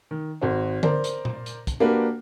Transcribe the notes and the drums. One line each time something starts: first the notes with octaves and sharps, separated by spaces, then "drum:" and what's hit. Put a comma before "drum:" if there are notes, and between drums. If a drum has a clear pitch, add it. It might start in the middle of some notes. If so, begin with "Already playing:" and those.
D#3
G#1 F#4 C5
A#4 C5 D5, drum: tom D3
drum: hi-hat
drum: tom A#2
drum: hi-hat
drum: kick, hi-hat
A#3 D4 F#4 G4 B4